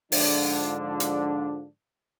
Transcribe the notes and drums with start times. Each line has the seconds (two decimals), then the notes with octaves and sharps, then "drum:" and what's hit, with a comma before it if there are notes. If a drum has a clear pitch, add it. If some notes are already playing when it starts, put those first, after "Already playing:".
0.12 G#2 D3 F3 D4, drum: open hi-hat
1.00 drum: hi-hat